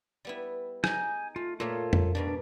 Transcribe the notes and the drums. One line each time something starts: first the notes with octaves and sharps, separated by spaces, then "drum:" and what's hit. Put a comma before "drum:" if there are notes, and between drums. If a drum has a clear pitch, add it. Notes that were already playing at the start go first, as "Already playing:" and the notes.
G3 B3 E4
D#4 G#4 G#5 G6, drum: rim click
A3 F4
A#2 A3 A#3 F4 A4 C#5
drum: tom F2
G#2 B2 G3 D4